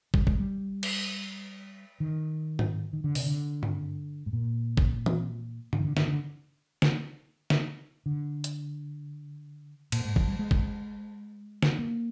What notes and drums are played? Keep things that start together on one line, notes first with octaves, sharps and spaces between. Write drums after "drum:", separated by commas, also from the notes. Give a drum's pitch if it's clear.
G3, drum: kick
G#3, drum: kick
G3
drum: cymbal
D#3
drum: tom G#2
D#3
D3
C3, drum: open hi-hat
D3
drum: tom G2
G#2
A#2
drum: kick
drum: tom E3
D3, drum: tom G2
D#3
D3
D#3, drum: snare
D3
drum: snare
drum: snare
D3
drum: hi-hat
A#2, drum: cymbal
G#2
F3, drum: kick
G3
G#3
drum: kick
drum: snare
A#3